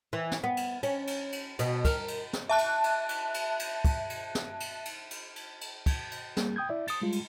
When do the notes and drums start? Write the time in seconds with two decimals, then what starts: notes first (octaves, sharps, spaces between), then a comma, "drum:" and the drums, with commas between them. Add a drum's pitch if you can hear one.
0.13 E3
0.32 drum: snare
0.44 B3
0.57 drum: cymbal
0.83 C#4, drum: cymbal
1.07 drum: cymbal
1.32 drum: cymbal
1.59 B2, drum: cymbal
1.85 A#4, drum: kick, cymbal
2.08 drum: cymbal
2.33 drum: snare
2.49 E5 A5 F#6
2.58 drum: cymbal
2.84 drum: cymbal
3.09 drum: cymbal
3.34 drum: cymbal
3.59 drum: cymbal
3.85 drum: kick, cymbal
4.10 drum: cymbal
4.35 drum: snare
4.60 drum: cymbal
4.85 drum: cymbal
5.11 drum: cymbal
5.36 drum: cymbal
5.61 drum: cymbal
5.86 drum: kick, cymbal
6.11 drum: cymbal
6.37 G3 A#3 G#4, drum: snare
6.56 G5 D#6 G6 G#6
6.69 E4 D5 E5
6.88 D#6 A6, drum: cymbal
7.02 G3 G#3 F4
7.12 drum: cymbal